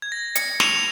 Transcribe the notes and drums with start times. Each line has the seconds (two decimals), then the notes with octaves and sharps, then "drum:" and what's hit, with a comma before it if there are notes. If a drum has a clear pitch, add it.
0.02 G#6
0.12 A#6
0.35 C#7, drum: hi-hat
0.60 F7, drum: snare